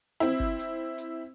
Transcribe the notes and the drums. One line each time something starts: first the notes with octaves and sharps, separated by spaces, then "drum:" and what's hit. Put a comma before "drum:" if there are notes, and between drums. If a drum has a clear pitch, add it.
C4 E4, drum: hi-hat
drum: kick G1
drum: hi-hat
drum: hi-hat